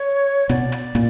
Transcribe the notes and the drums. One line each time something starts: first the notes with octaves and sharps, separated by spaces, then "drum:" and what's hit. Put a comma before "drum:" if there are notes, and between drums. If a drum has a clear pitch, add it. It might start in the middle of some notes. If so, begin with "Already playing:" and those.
Already playing: C#5
B2 D5, drum: hi-hat
drum: hi-hat
A#2, drum: hi-hat